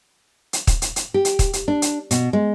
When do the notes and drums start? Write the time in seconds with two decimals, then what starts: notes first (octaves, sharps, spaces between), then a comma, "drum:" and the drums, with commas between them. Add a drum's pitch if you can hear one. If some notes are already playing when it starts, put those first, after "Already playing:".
0.53 drum: hi-hat
0.67 drum: kick, hi-hat
0.82 drum: hi-hat
0.96 drum: hi-hat
1.14 G4
1.25 drum: hi-hat
1.39 drum: kick, hi-hat
1.53 drum: hi-hat
1.68 D4
1.82 drum: hi-hat
2.11 B2, drum: hi-hat
2.33 G#3